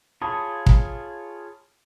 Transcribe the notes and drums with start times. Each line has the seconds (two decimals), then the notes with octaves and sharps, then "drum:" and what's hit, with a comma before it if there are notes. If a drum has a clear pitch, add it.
0.22 F4 G#4 C#5 A5 B5 D#6
0.66 drum: kick